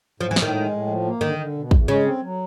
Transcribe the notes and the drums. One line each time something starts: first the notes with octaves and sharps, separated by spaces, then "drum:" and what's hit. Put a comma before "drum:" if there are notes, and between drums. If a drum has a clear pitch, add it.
A2 F3
E3
A2, drum: snare
D#3
G#3
A2
F3
A#3
D3 D#3
D3
B2
E2, drum: kick
C#3 G#3
C4
F#3